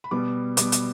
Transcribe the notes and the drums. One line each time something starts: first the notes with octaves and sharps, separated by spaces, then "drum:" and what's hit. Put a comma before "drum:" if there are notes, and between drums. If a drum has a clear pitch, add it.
B5
B2 G3 B3 D6
B2 G3 B3 D6, drum: hi-hat
drum: hi-hat